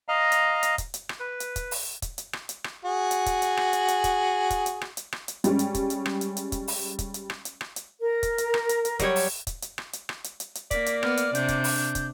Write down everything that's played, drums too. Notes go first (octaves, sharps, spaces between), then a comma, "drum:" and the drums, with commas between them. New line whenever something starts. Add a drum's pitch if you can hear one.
D#5 F5 A#5
drum: hi-hat
drum: hi-hat
drum: kick, hi-hat
drum: hi-hat
drum: rim click
B4
drum: hi-hat
drum: kick, hi-hat
drum: open hi-hat
drum: kick, hi-hat
drum: hi-hat
drum: rim click
drum: hi-hat
drum: rim click
F#4 G#4
drum: hi-hat
drum: kick, hi-hat
drum: hi-hat
drum: rim click
drum: hi-hat
drum: hi-hat
drum: kick, hi-hat
drum: kick, hi-hat
drum: hi-hat
drum: rim click
drum: hi-hat
drum: rim click
drum: hi-hat
G3 G#3 C#4, drum: hi-hat
drum: hi-hat
drum: kick, hi-hat
drum: hi-hat
drum: rim click
drum: hi-hat
drum: hi-hat
drum: kick, hi-hat
drum: open hi-hat
drum: kick, hi-hat
drum: hi-hat
drum: rim click
drum: hi-hat
drum: rim click
drum: hi-hat
A#4
drum: kick, hi-hat
drum: hi-hat
drum: rim click
drum: hi-hat
drum: hi-hat
F#3 G3 C#5, drum: kick, hi-hat
drum: open hi-hat
drum: kick, hi-hat
drum: hi-hat
drum: rim click
drum: hi-hat
drum: rim click
drum: hi-hat
drum: hi-hat
drum: hi-hat
A#3 D5 B6, drum: kick, hi-hat
drum: hi-hat
B3 F6, drum: rim click
drum: hi-hat
C3 D4 G6, drum: hi-hat
drum: kick, hi-hat
drum: open hi-hat
drum: kick, hi-hat